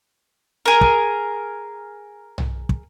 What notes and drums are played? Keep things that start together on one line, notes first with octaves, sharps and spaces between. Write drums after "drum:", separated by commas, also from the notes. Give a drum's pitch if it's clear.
G#4 A#4
drum: kick
drum: tom B1
drum: kick